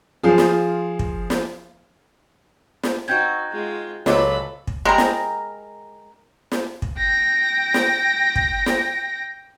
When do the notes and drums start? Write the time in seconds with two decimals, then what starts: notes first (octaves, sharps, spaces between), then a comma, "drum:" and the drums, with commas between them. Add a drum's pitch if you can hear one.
0.23 F3 F4 G#4
0.38 drum: snare
0.99 drum: kick
1.30 drum: snare
2.83 drum: snare
3.08 C4 D#4 F#4 G5 G6 G#6
3.51 G#3 F4
4.06 C#2 F#3 F4 A4 D#5 B5 D6, drum: snare
4.67 drum: kick
4.85 G#3 G4 A#4 G5 A#5 B5
4.98 drum: snare
6.52 drum: snare
6.82 drum: kick
6.98 G5 A#6
7.74 drum: snare
8.36 drum: kick
8.66 drum: snare